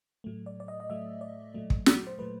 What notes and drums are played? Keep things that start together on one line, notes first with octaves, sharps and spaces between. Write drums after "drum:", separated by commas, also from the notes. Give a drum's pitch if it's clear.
A2 F#3 A3
D5
D5
D#5
D#5
A2 F#3 A3 E5
D5
A#2 F#3 A3
drum: kick
drum: snare
C5
A#2 F#3 A3 B4